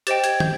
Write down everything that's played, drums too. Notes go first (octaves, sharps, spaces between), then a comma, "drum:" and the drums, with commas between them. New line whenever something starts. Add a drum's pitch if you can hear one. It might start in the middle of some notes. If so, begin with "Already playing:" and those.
G4 C5 D#5 G5 A6, drum: hi-hat
G#6, drum: hi-hat
G6, drum: tom